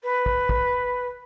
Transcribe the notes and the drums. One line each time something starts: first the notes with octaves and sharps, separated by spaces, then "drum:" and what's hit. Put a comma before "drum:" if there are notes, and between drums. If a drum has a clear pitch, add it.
B4
drum: kick
drum: kick